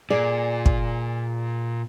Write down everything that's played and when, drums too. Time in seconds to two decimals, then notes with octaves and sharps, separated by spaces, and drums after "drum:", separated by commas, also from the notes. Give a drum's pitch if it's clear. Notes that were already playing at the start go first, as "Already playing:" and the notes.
0.10 A#2 G#4 D5
0.66 drum: kick